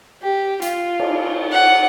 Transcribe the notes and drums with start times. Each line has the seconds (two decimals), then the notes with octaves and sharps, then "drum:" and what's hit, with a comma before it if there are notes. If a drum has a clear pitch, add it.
0.22 G4
0.62 F4, drum: hi-hat
1.00 drum: cymbal
1.52 F#5